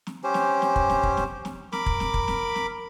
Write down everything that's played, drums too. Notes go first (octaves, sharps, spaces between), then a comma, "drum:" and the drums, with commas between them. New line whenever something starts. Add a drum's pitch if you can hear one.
drum: snare
C#4 G4 C5
drum: snare
drum: snare
drum: kick
drum: snare
drum: kick
drum: snare
drum: snare
A#4 B5 D6, drum: snare
drum: kick
drum: snare
drum: kick
drum: snare
drum: snare